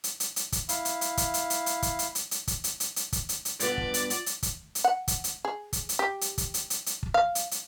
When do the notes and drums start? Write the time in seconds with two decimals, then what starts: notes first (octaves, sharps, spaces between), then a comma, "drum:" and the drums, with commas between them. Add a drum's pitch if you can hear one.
0.04 drum: hi-hat
0.20 drum: hi-hat
0.36 drum: hi-hat
0.52 drum: kick, hi-hat
0.69 E4 F5, drum: hi-hat
0.85 drum: hi-hat
1.01 drum: hi-hat
1.17 drum: kick, hi-hat
1.34 drum: hi-hat
1.50 drum: hi-hat
1.66 drum: hi-hat
1.82 drum: kick, hi-hat
1.99 drum: hi-hat
2.15 drum: hi-hat
2.31 drum: hi-hat
2.47 drum: kick, hi-hat
2.64 drum: hi-hat
2.80 drum: hi-hat
2.96 drum: hi-hat
3.13 drum: kick, hi-hat
3.29 drum: hi-hat
3.45 drum: hi-hat
3.60 G2 B3 F4 D5, drum: hi-hat
3.78 drum: kick
3.94 drum: hi-hat
4.10 drum: hi-hat
4.26 drum: hi-hat
4.43 drum: kick, hi-hat
4.75 drum: hi-hat
4.84 F#5
5.08 drum: kick, hi-hat
5.24 drum: hi-hat
5.45 G#4
5.73 drum: kick, hi-hat
5.89 drum: hi-hat
5.99 G4
6.21 drum: hi-hat
6.38 drum: kick, hi-hat
6.54 drum: hi-hat
6.70 drum: hi-hat
6.86 drum: hi-hat
7.03 drum: kick
7.14 F5
7.35 drum: hi-hat
7.51 drum: hi-hat